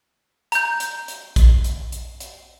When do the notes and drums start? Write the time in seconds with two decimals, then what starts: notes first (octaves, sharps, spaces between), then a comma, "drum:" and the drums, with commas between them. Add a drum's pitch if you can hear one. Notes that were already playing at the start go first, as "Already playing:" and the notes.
0.52 A#5 G6, drum: hi-hat
0.80 drum: hi-hat
1.08 drum: hi-hat
1.36 drum: kick A#1, hi-hat
1.64 drum: hi-hat
1.92 drum: hi-hat
2.20 drum: hi-hat